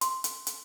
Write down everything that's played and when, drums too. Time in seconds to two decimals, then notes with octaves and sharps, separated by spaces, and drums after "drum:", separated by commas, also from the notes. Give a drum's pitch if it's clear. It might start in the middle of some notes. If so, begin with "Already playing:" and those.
0.01 C6, drum: hi-hat
0.24 drum: hi-hat
0.47 drum: hi-hat